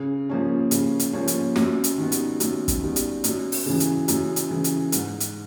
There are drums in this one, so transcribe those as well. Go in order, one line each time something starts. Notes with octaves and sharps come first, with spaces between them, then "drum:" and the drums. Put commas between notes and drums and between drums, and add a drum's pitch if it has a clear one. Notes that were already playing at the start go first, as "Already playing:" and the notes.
Already playing: C#3
F3 A#3 C#4
C#3, drum: hi-hat
drum: hi-hat
F3 A#3 C#4
drum: hi-hat
F#2, drum: snare
drum: hi-hat
D#3 G3 B3
drum: hi-hat
F#2, drum: hi-hat
drum: kick, hi-hat
D#3 G3 B3
drum: hi-hat
F#2, drum: hi-hat
drum: open hi-hat
C#3 E3
drum: hi-hat
F#2, drum: hi-hat
drum: hi-hat
C#3 E3
drum: hi-hat
G#2, drum: hi-hat
drum: hi-hat